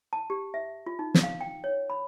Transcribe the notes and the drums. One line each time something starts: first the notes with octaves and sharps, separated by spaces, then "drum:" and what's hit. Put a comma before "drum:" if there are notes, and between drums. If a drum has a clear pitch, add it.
A5
G4
E5
F4
D#4
drum: snare
F5
G5
C#5
B5